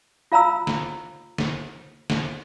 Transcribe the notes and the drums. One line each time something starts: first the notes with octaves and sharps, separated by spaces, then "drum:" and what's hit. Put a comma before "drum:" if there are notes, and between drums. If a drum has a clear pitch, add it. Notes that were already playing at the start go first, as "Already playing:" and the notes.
F4 F5 A#5 B5 E6
drum: snare
drum: snare
drum: snare